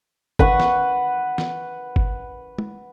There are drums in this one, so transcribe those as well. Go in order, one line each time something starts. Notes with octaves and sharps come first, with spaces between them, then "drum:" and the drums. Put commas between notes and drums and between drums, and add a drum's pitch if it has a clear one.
B4 F#5 C#6, drum: kick G1
drum: snare
drum: snare
drum: kick G1
drum: tom G#3